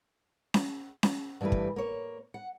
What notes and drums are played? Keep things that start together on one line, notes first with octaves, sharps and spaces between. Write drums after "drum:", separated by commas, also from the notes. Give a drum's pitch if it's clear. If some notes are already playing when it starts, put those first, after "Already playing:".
drum: snare C#4
drum: snare C#4
G2 E3 G3 A3 B4
drum: kick
A#3 C#5
F#5